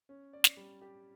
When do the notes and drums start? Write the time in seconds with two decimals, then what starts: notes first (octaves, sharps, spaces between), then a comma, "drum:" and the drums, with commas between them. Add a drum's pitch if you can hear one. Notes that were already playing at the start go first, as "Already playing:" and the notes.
0.09 C#4
0.33 D5
0.44 drum: snare
0.57 G3
0.81 G4